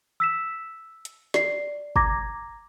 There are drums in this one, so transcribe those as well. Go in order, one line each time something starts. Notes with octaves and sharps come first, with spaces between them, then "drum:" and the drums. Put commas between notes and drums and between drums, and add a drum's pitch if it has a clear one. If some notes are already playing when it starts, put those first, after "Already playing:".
E6 B6 E7
drum: hi-hat
D5 C7, drum: snare
A#5 D6 G#6 A#6, drum: kick